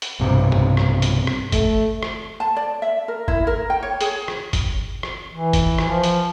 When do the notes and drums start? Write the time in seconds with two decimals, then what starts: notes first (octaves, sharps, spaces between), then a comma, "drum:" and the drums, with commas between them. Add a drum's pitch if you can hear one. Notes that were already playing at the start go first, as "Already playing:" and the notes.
0.02 drum: hi-hat
0.20 B1 G2 C3
0.52 drum: tom G2
0.77 drum: rim click
1.02 drum: hi-hat
1.27 drum: rim click
1.52 A3, drum: kick, hi-hat
2.03 drum: rim click
2.40 A5
2.56 D5
2.82 E5
3.08 A#4
3.28 E4, drum: kick
3.47 A#4
3.70 G5
3.83 C#5
4.01 G#4, drum: hi-hat
4.28 drum: rim click
4.53 drum: kick, hi-hat
5.03 drum: rim click
5.33 E3
5.53 drum: kick, hi-hat
5.78 drum: rim click
5.88 F3
6.04 drum: hi-hat